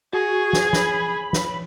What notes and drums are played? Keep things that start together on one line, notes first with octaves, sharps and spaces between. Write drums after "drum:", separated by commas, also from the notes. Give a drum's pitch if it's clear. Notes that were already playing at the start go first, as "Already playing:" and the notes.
F#4 G#4
drum: snare
B5, drum: snare
drum: snare